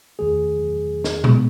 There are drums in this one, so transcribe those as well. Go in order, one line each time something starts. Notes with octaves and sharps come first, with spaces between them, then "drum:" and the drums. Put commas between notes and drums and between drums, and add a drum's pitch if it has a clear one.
E2 D#3 A3 G#4
drum: snare
B2 G#3 B3, drum: tom A#2